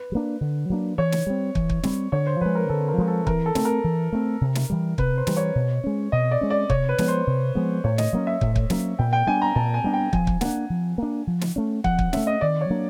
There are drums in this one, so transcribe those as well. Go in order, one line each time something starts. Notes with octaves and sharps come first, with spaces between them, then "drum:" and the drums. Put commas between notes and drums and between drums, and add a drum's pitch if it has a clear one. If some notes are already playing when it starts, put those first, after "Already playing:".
Already playing: B4
F#3
A#3 D4
D3
F#3 A#3 D4
E3 C#5
drum: snare
G3 C4
E3, drum: kick
drum: kick
G3 C4, drum: snare
D3 C#5
C5
F3 G#3 B4
A#4
D3 A4
A#4
F3 G#3
A4
E3 A#4, drum: kick
A4
A3 C4, drum: snare
A#4
E3
A3 C4
C3
drum: snare
E3 G3
C3 B4, drum: kick
C5
E3 G3, drum: snare
C#5
B2
G#3 C#4
B2 D#5
D5
G#3 C#4
D5
C3 C#5, drum: kick
B4
F3 G#3 B3, drum: snare
C5
C3
F3 G#3 B3
A2 C#5
D#5, drum: snare
F#3 A#3 C#4 D#5
E5
A2, drum: kick
drum: kick
F#3 A#3 C#4, drum: snare
A#2 G5
G5
G3 B3 D4 G#5
A#5
A#2 A5
G#5
G3 B3 D4
G5
F3 G#5, drum: kick
drum: kick
A#3 D4 F#5, drum: snare
F3
A#3 D4
F3
drum: snare
A3 C#4
F3 F#5, drum: kick
drum: kick
A3 C#4 E5, drum: snare
D#5
D#3 D5
C#5
F#3 A#3 D4